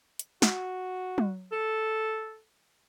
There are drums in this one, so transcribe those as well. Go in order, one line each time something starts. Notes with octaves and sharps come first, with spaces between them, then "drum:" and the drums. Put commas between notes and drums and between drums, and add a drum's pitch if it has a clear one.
drum: hi-hat
F#4, drum: snare
drum: tom
A4